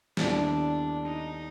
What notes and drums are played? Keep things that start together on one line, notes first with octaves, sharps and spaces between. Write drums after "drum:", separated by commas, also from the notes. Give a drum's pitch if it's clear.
D#2 D3 G3 B3 D4 E4, drum: snare
D#4